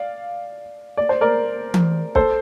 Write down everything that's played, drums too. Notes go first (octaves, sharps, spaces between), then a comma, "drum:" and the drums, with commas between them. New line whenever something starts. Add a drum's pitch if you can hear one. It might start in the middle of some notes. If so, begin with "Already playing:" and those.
Already playing: D5 F5
D5
C5
A#4 D5
drum: tom E3
A4 C5, drum: kick